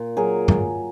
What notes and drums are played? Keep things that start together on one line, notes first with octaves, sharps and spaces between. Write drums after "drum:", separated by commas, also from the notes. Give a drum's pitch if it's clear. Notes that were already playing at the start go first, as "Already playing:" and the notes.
Already playing: A#2
F#3 G#4 A#4
drum: tom G2